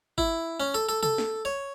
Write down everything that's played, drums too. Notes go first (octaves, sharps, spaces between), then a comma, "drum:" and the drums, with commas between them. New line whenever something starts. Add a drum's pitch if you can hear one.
E4, drum: kick G1
C#4
A4
A4
A4, drum: tom
drum: snare
C#5